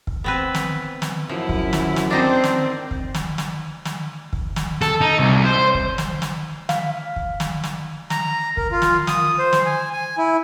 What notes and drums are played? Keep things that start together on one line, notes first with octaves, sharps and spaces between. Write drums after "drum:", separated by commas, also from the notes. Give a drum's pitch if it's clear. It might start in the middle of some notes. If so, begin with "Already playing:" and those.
drum: kick
B3 C4 B4
drum: snare
drum: snare
F#2 F3 E4
drum: kick
drum: snare
drum: snare
C4 D4 D#4 C5
drum: snare
drum: kick
drum: snare
drum: snare
drum: snare
drum: kick
drum: snare
A4, drum: snare
D#4
C2
C5
drum: kick
drum: snare
drum: snare
F5, drum: snare
drum: kick
drum: snare
drum: snare
A#5, drum: snare
A#4, drum: kick
F4
drum: snare
D#6, drum: snare
C5
drum: snare
G#5
G#5
E4